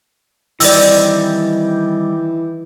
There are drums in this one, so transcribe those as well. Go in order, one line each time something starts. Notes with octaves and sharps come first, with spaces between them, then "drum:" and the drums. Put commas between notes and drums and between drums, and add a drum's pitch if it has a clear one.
D#3 E3 G3 C4 D5 E6, drum: open hi-hat